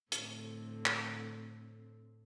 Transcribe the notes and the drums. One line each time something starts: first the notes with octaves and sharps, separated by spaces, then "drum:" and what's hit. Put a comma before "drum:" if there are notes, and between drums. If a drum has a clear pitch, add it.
A2 D3 C4, drum: hi-hat
drum: clap